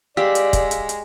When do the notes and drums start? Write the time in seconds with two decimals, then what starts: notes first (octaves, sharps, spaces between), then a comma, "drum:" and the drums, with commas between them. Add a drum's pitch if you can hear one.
0.17 G#3 G4 D5 F5 E6 B6
0.35 drum: hi-hat
0.53 drum: kick, hi-hat
0.71 drum: hi-hat
0.89 drum: hi-hat